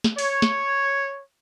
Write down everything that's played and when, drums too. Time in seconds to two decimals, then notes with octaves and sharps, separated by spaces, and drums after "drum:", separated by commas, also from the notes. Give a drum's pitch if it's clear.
0.04 drum: snare
0.18 C#5, drum: open hi-hat
0.42 drum: snare